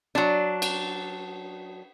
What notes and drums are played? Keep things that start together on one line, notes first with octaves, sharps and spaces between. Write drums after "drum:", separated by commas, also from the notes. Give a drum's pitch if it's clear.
F#3 D4
drum: cymbal